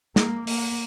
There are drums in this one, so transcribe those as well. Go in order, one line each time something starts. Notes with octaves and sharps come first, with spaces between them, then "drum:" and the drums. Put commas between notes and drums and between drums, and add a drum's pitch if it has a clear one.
A#3, drum: snare
A#3, drum: open hi-hat